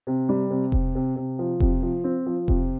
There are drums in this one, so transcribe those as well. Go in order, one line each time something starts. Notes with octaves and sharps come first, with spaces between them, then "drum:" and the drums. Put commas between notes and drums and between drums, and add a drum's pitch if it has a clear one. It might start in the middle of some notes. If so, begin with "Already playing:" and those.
C3
G3
C3
C3, drum: kick E1
C3
C3
F3
C3, drum: kick E1
F3
C4
F3
C3, drum: kick E1